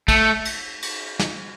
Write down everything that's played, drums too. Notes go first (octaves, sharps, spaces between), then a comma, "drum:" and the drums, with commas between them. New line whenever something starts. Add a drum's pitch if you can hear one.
A3, drum: kick, cymbal
drum: cymbal
drum: cymbal
drum: snare